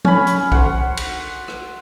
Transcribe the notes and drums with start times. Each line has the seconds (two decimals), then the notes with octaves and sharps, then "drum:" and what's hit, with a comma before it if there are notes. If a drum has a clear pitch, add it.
0.05 C#4 B5, drum: tom
0.27 drum: hi-hat
0.52 C5 F#5, drum: kick B1
0.97 drum: cymbal
1.48 drum: rim click